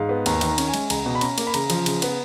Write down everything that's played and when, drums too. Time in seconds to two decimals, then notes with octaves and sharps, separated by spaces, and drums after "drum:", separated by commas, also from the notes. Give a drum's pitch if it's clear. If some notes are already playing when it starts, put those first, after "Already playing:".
Already playing: G#2 F5
0.09 B3
0.26 D#2 A#5, drum: cymbal
0.41 D#3, drum: cymbal
0.47 A#5
0.58 C#4, drum: cymbal
0.68 G#5
0.74 G#3, drum: cymbal
0.90 C#2 A#5, drum: cymbal
1.06 B2
1.15 B5
1.21 C#4 A#5, drum: cymbal
1.38 A#3, drum: cymbal
1.47 B5
1.54 C#3 A#5, drum: cymbal
1.70 F3, drum: cymbal
1.86 C#3, drum: cymbal
2.02 B3, drum: cymbal